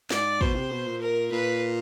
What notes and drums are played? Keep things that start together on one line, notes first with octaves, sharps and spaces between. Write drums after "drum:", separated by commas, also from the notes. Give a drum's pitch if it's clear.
G#2 D5, drum: snare
B2 C5, drum: kick
C3
B2
A#2
A#4
A#2 B4